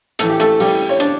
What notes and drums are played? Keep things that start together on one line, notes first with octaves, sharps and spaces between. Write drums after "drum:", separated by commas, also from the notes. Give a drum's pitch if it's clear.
A2 E3 A4, drum: hi-hat
G4
A3 A4, drum: hi-hat
G3 G4, drum: open hi-hat
C#5
D4 D5, drum: hi-hat